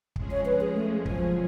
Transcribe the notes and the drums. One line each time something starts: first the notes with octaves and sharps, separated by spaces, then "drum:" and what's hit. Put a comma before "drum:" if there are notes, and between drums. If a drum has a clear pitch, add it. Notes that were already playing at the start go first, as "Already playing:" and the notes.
F2 F3 G#3 C#4 G#4, drum: kick
C#5
B4
G#4
A3
B2 F3 F#3 C#4 G#4, drum: kick